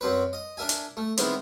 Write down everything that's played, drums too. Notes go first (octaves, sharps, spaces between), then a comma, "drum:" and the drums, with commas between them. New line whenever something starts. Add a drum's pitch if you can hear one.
F#2 C4 B4
D#5
D4 A#4 E5 G#5
drum: hi-hat
A3
D#3 E3 G#3 B3 C4, drum: hi-hat